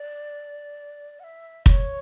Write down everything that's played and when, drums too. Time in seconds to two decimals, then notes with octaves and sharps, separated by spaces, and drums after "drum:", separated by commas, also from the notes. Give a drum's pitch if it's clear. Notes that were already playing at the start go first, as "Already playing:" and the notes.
Already playing: D5
1.20 F#5
1.24 E5
1.66 D5, drum: kick
1.70 C#5